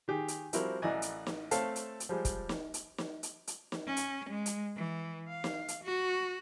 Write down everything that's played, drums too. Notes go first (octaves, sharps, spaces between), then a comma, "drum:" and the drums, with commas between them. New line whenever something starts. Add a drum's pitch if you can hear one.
D#3 G4 G#4
drum: hi-hat
F3 G3 C4 E4 F#4 A#4, drum: hi-hat
A1 E3 D5 D#5 G#5
drum: hi-hat
drum: snare
A3 C4 A4 C#5 F5 A5, drum: hi-hat
drum: hi-hat
drum: hi-hat
F3 G3 G#3
drum: kick, hi-hat
drum: snare
drum: hi-hat
drum: snare
drum: hi-hat
drum: hi-hat
drum: snare
C#4
drum: hi-hat
G#3
drum: hi-hat
E3
F5
drum: snare
drum: hi-hat
F#4